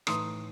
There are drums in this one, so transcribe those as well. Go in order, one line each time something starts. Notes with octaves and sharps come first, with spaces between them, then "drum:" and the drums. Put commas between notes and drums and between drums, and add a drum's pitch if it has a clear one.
A2 E3 A3 D#4 C6 D#6, drum: rim click